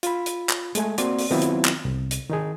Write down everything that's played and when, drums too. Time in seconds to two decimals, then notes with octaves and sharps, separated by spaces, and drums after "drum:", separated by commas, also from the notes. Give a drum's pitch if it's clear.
0.03 F4 B5, drum: hi-hat
0.26 drum: hi-hat
0.49 drum: clap
0.75 G#3 A3 G#5, drum: hi-hat
0.98 A#3 C4 F#4 D5 C6, drum: hi-hat
1.19 drum: open hi-hat
1.31 D#3 F#3 B3 C4 E4 F4
1.42 drum: hi-hat
1.65 drum: clap
1.85 C2
2.11 drum: hi-hat
2.30 D#3 D#4 G#4